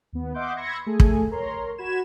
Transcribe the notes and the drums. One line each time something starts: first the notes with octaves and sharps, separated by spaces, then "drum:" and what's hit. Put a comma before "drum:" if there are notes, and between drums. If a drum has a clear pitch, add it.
D#2 B3
D#5 E5 F#5 C6 D6 G6
B5 C6 E6 G#6 A#6 C#7
A3 G#4 A4 G#5
drum: kick
A#4 C#5 A#5 C6
F#4 B5 G#6 E7